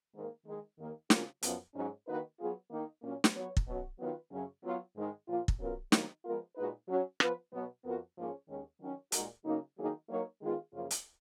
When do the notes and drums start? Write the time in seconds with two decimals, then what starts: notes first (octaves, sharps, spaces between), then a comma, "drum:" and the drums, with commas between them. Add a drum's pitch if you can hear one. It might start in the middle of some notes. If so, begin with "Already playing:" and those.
0.14 G#2 D#3 A#3
0.46 D#3 G#3 D#4
0.78 D#2 D#3 A#3
1.10 C#3 F#3 A#3 C#4 F4, drum: snare
1.42 F#2 F3 B3, drum: hi-hat
1.75 G#2 F#3 C#4
2.06 D#3 A#3 D#4 F#4 B4
2.39 F#3 B3 F4 G#4
2.71 D#3 A#3 D#4
3.02 A#2 F#3 A#3 C#4
3.24 drum: snare
3.35 F#3 B3 F#4 C#5
3.57 drum: kick
3.66 B2 F#3 C#4 F#4
3.99 D#3 F#3 B3 F4 B4
4.31 F#2 C#3 F#3 C#4
4.63 F#3 B3 F4
4.95 G#2 D#3 G#3
5.27 A#2 F3 A#3 F4
5.48 drum: kick
5.59 C#3 F#3 B3 F4 A#4
5.92 D#3 F#3 A#3 D#4, drum: snare
6.24 F3 G#3 B3 F4 A#4
6.55 A#2 G#3 D#4 F#4 B4
6.88 F#3 C#4 F#4
7.20 F3 B3 F4 B4, drum: rim click
7.53 B2 F#3 B3
7.84 F2 F3 B3 F#4 A#4
8.16 G#2 F3 A#3 C#4 G#4
8.48 D#2 D#3 G#3 C#4
8.80 D#3 F#3 C#4
9.12 A#2 G#3 D#4 F#4 A#4, drum: hi-hat
9.45 C#3 F#3 A#3 D#4
9.77 D#3 F#3 A#3 D#4 G#4
10.09 F#3 A#3 D#4 A#4 C#5
10.41 D#3 G#3 B3 F4 G#4
10.73 F#2 C#3 F3 A#3 F4
10.91 drum: hi-hat